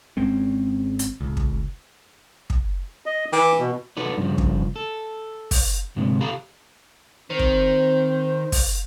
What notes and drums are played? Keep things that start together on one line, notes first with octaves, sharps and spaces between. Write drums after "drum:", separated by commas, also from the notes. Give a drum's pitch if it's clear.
G#1 G#3 C4 C#4
drum: hi-hat
D1 C#2
drum: kick
drum: kick
D#5
E3 D6
B2
D#4 F#4 A4 B4 D5
G2 C#3 F3
drum: kick
A4
drum: kick, open hi-hat
D2 G#2 C3
G4 A4 F5 A#5 B5
D#3 C4 C5
drum: kick
drum: kick, open hi-hat